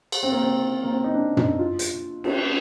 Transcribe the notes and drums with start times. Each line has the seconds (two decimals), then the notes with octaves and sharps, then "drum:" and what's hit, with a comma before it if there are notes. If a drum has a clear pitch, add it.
0.12 drum: cymbal
0.23 C4
0.32 A#3
0.43 C4
0.83 A#3
0.91 C4
1.04 D#4
1.14 D4
1.37 D#4, drum: tom
1.59 F4
1.79 drum: hi-hat
2.24 drum: cymbal